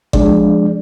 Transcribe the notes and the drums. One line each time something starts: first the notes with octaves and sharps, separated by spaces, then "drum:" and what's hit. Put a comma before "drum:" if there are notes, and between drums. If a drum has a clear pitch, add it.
F3 G#3 D4 G#4 D5, drum: kick G1